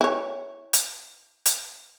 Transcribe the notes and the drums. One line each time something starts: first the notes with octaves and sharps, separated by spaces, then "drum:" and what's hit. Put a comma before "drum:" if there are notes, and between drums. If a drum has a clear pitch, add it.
E4 C#5
drum: hi-hat
drum: hi-hat